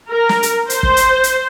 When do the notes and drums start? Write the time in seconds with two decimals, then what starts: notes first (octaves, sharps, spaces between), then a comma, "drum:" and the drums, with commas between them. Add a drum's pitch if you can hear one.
0.10 A#4
0.29 drum: snare
0.43 drum: hi-hat
0.70 C5, drum: hi-hat
0.83 drum: kick
0.97 drum: hi-hat
1.23 drum: hi-hat